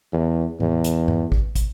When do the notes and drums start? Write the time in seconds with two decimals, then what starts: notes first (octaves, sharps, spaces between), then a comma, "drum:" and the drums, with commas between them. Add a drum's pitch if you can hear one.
0.13 E2
0.60 E2, drum: tom A2
0.84 drum: hi-hat
1.08 drum: tom G2
1.32 drum: kick
1.55 drum: kick, hi-hat